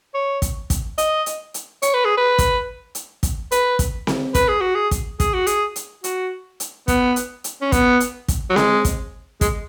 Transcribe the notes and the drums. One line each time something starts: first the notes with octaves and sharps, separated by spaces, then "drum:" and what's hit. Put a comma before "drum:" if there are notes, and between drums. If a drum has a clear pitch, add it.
C#5
drum: kick, hi-hat
drum: kick, hi-hat
D#5, drum: hi-hat
drum: hi-hat
drum: hi-hat
C#5, drum: hi-hat
B4
G#4
B4
drum: kick, hi-hat
drum: hi-hat
drum: kick, hi-hat
B4, drum: hi-hat
drum: kick, hi-hat
drum: snare C4
B4, drum: kick, hi-hat
G#4
F#4
G#4
drum: kick, hi-hat
G#4, drum: kick, hi-hat
F#4
G#4, drum: hi-hat
drum: hi-hat
F#4, drum: hi-hat
drum: hi-hat
B3, drum: kick, hi-hat
drum: hi-hat
drum: hi-hat
C#4
B3, drum: kick, hi-hat
drum: hi-hat
drum: kick, hi-hat
F#3
G#3, drum: snare C4
drum: kick, hi-hat
G#3, drum: kick, hi-hat